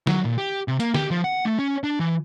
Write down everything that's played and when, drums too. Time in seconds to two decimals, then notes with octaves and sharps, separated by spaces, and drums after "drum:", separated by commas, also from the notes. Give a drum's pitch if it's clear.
0.07 F#3, drum: snare
0.25 A#2
0.38 G4
0.68 C3
0.80 A#3, drum: hi-hat
0.94 G4, drum: snare
1.11 F3
1.24 F#5
1.45 A3
1.59 C#4
1.84 D4
2.00 E3